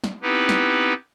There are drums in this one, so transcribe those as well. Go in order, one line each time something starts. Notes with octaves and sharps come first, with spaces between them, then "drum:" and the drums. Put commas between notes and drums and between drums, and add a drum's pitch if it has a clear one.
drum: snare
B3 C4 D#4 E4 G4 B4
drum: snare